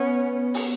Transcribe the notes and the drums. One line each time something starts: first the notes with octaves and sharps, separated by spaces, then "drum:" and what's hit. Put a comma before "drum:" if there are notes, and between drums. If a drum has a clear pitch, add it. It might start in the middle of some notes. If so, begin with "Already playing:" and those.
Already playing: B3 C#4
drum: open hi-hat